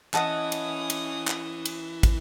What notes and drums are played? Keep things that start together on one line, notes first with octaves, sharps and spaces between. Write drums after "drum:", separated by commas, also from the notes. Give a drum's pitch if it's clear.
E3 C#4 D#5 F#5 A5 D#6, drum: clap
drum: cymbal
drum: cymbal
drum: clap
drum: cymbal
drum: kick, cymbal